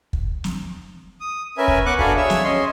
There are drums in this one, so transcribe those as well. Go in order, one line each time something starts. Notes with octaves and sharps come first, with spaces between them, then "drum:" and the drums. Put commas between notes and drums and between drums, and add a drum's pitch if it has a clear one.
drum: kick
drum: snare
D#6
C#4 A#4 B4 E5 G#5
drum: kick
B3 F#5 C#6 D6 F#6
D4 F#4 A4 F5 G#5 B5, drum: kick
G#4 C#5 E5 E6
drum: snare
C#4 D#5 C6